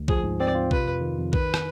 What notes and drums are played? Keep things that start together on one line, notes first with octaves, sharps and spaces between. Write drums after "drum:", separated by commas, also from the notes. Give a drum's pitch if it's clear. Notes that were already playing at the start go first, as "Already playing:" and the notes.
Already playing: D2
F3 G#4, drum: kick A#1
G#2
C4 D5
F4
C3 B4, drum: kick A#1
F2
D#3
F2
D#3 B4, drum: kick A#1
drum: rim click